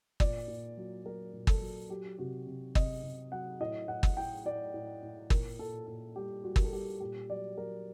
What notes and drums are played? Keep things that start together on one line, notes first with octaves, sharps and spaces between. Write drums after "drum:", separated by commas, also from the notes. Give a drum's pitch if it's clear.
A#2 D5, drum: kick G1
A#2
F#3
F#3 A#4
A#2
A4, drum: kick G1
F#3
F#3 G4
C3 F#4
C3
C3 D#5, drum: kick G1
C3
F#3 F#5
A2 D#5
A2 F#5
drum: kick G1
A2 G5
A2 D5
A2
A2
A#2 A#4, drum: kick G1
A#2 A4
A#2 A4
G3 G4
G3 F#4
A#4, drum: kick G1
A4
G3 G4
A#2 G4
F#3 D5
F#3 A#4